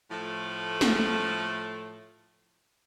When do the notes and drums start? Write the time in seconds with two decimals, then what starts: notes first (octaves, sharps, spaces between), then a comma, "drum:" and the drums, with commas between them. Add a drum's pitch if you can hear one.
0.11 A2 F3 A3
0.81 drum: snare